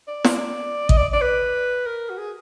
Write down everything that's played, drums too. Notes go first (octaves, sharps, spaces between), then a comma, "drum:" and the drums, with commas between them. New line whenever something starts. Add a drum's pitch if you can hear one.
D5
drum: snare
D#5, drum: kick
D5
D5
B4
A#4
F#4
G#4